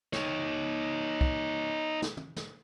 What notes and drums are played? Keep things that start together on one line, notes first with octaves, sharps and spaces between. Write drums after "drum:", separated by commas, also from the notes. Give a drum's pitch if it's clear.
D#4 C#5, drum: snare
drum: kick
drum: snare
drum: tom
drum: snare